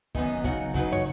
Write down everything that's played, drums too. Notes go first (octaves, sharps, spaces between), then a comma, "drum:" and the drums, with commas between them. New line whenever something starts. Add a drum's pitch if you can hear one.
F#2 D#3 B3 D#4 G#5, drum: kick
C#3 F#3 D#4 F#5, drum: kick
C#3 F#3 D#4 B4, drum: kick
C#5, drum: tom